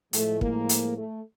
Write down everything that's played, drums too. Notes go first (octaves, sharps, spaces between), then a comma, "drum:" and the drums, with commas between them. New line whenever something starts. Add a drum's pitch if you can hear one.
A2 F3 G#3 A3, drum: hi-hat
A#3, drum: kick
drum: hi-hat
A3